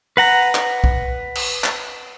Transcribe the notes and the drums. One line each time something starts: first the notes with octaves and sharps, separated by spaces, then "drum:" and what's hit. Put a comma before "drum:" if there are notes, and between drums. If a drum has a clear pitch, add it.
B4 F#5 A#5, drum: open hi-hat
drum: clap
drum: kick
drum: cymbal
drum: clap